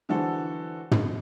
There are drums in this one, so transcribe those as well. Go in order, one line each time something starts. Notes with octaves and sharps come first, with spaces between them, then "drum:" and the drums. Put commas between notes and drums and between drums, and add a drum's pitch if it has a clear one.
D3 E3 F#4 A4 C5
drum: tom